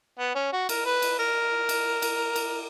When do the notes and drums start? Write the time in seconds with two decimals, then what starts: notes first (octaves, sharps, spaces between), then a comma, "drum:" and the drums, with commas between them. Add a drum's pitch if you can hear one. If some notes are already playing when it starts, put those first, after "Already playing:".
0.19 B3
0.35 C#4
0.52 F#4
0.69 A#4, drum: cymbal
0.85 B4
1.02 drum: cymbal
1.19 A#4
1.69 drum: cymbal
2.02 drum: cymbal
2.36 drum: cymbal